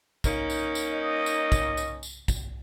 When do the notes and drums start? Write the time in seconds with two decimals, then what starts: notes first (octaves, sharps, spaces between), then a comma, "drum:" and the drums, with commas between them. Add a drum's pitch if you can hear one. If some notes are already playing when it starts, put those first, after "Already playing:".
0.24 A#3 C#4 D#4, drum: kick, tambourine
0.50 drum: tambourine
0.75 drum: tambourine
0.94 D#5
1.26 drum: tambourine
1.52 drum: kick, tambourine
1.77 drum: tambourine
2.03 drum: tambourine
2.28 drum: kick, tambourine